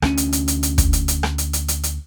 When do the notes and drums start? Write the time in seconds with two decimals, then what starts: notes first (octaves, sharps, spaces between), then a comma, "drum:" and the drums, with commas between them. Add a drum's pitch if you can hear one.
0.02 D2 A3 C#4, drum: rim click
0.17 drum: hi-hat
0.33 drum: hi-hat
0.48 drum: hi-hat
0.63 drum: hi-hat
0.78 drum: kick, hi-hat
0.93 drum: hi-hat
1.08 drum: hi-hat
1.23 drum: rim click
1.38 drum: hi-hat
1.53 drum: hi-hat
1.68 drum: hi-hat
1.83 drum: hi-hat